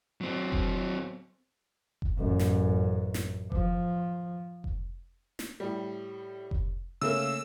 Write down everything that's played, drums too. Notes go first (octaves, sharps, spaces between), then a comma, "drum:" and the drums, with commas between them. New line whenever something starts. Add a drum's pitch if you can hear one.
F#3 C4
drum: kick F1
drum: kick F1
A1 F#2
drum: snare
drum: snare
F3, drum: kick F1
drum: kick F1
drum: snare
A2 G3
drum: kick F1
C#3 A3 A#3 E6